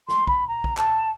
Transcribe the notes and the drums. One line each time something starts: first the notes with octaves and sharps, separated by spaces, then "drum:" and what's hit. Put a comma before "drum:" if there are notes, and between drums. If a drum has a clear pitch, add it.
C6, drum: snare
B5, drum: kick
A#5
drum: kick
A5, drum: clap